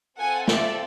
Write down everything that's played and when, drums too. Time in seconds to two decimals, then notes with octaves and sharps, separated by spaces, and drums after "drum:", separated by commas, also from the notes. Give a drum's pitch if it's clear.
0.19 C4 F4 A4 F#5 G#5
0.48 D5 E5, drum: snare